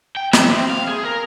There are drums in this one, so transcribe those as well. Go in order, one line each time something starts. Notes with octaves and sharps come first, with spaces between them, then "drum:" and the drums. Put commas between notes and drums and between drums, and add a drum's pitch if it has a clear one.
G5
E5, drum: snare
C4
F5
G#4
A#4